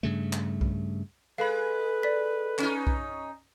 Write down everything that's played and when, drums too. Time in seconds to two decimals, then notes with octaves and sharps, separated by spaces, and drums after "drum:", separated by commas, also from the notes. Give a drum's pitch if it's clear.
0.03 G2 C#3 A3
0.33 drum: clap
0.61 drum: kick B1
1.38 G#3 A4 B4 F5 B5
2.03 D5 B6
2.58 C#4 D#4, drum: clap
2.87 drum: kick B1